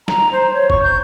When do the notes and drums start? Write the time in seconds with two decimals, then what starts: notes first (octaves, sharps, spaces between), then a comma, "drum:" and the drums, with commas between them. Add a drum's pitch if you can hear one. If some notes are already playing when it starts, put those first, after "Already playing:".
0.08 A#5, drum: snare
0.32 C5
0.54 C#5
0.70 C#6, drum: kick F#1
0.83 G6